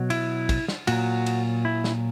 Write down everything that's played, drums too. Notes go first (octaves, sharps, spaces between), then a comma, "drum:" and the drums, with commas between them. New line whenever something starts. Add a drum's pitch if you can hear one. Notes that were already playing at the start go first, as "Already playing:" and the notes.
Already playing: B2 F#3
E4, drum: cymbal
drum: kick, cymbal
drum: snare
A#2 F#3 F#4, drum: cymbal
drum: cymbal
E4
drum: snare